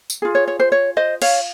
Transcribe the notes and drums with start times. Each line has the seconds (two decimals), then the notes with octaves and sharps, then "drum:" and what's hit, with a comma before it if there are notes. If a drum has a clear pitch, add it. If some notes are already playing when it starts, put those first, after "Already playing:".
0.10 drum: tambourine
0.22 F4 G#4
0.35 C#5
0.48 C#5
0.60 C5
0.72 C#5
0.97 C5 D#5
1.22 C#5 F5, drum: cymbal